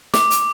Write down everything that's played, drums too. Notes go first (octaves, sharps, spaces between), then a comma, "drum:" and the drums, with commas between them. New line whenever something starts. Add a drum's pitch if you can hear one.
D6, drum: snare
drum: hi-hat